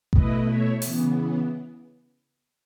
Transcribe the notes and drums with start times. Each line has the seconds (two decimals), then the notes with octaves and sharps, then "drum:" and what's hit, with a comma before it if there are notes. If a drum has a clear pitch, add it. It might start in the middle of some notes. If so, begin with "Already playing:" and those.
0.13 B2 A3 E4 B4 D#5, drum: kick A1
0.47 C#5 E5
0.82 C#3 E3 B3, drum: open hi-hat